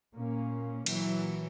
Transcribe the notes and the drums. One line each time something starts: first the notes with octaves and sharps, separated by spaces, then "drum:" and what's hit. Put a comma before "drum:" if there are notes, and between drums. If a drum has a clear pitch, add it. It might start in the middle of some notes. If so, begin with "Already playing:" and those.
A#2 A#3 C#4
A#2 E3 F#3, drum: cymbal